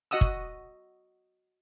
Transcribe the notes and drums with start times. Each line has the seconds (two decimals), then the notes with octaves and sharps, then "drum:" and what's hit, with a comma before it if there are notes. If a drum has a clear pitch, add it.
0.11 F#4 D#5 F#5 D#6 E6
0.21 drum: kick